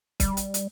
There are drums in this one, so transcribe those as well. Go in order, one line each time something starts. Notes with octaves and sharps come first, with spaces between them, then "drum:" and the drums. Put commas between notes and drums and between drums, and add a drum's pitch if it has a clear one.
G3, drum: kick, hi-hat
drum: hi-hat
drum: hi-hat